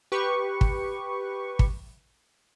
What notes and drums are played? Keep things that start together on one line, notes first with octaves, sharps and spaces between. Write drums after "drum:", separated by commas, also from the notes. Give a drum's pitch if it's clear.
G4 B4 C#6
drum: kick
drum: kick